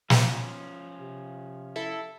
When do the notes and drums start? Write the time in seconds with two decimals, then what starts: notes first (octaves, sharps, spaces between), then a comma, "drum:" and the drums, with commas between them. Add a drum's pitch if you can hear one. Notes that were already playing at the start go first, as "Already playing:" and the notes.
0.10 F3 C#4, drum: snare
0.98 C3
1.76 E4 A4